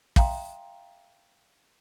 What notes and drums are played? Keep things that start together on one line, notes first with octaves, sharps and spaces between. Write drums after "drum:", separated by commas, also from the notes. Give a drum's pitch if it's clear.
E5 F5 G5 A#5 C6 D#6, drum: kick